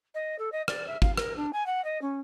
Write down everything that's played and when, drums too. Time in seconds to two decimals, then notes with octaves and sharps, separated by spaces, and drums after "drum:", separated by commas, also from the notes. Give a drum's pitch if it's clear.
0.15 D#5
0.39 A4
0.52 D#5
0.68 D5, drum: rim click
0.87 E5
1.02 F5, drum: kick
1.17 A#4, drum: rim click
1.37 D4
1.53 G#5
1.66 F#5
1.84 D#5
2.02 C#4